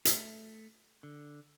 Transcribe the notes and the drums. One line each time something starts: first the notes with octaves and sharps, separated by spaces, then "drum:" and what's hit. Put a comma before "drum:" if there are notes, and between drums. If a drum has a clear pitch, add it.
A3, drum: hi-hat
D3